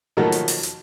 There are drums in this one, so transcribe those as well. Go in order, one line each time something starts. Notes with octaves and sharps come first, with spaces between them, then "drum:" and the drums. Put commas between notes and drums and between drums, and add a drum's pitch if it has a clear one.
B2 D#3 F3 F#3 A3 A#3
drum: hi-hat
drum: open hi-hat
drum: hi-hat